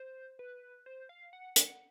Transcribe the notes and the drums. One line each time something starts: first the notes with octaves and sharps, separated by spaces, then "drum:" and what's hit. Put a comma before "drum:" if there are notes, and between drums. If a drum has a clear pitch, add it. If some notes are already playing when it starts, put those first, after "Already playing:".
Already playing: C5
B4
C5
F5
F#5
F#5, drum: hi-hat